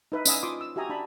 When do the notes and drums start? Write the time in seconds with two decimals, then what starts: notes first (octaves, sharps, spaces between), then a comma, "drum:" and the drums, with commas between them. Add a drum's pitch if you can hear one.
0.12 D#4 B4 E5
0.25 C#4 D4 D#5 F5 G#5 E6, drum: tambourine
0.43 F4 C6 D6 D#6
0.61 E6
0.76 F#4 G4 E5 G#5 A#5 D#6
0.90 D4 A5 B5